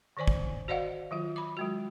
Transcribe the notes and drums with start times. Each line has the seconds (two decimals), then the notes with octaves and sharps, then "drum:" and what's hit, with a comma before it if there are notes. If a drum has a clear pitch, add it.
0.17 D3 D#3 C5 D5 G#5
0.28 drum: kick
0.68 F#4 C5 D5 D#5 F5 F#5
1.11 D#3 F#3 F4
1.36 B5 D6
1.57 F#3 G#3 F#4